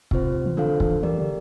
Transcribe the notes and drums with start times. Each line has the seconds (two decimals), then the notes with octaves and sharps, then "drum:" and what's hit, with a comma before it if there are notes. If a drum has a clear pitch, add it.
0.11 C3 C4 F4 C5, drum: kick
0.46 E3
0.57 D3 D4 F4 A4 C5 F5
0.80 E3, drum: kick
1.03 E3 G4 A#4 D5
1.18 D3